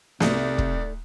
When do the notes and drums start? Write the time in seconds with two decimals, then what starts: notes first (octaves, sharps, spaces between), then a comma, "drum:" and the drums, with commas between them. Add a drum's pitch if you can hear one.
0.20 C2 C3 A3 D#4 D5, drum: snare
0.58 drum: kick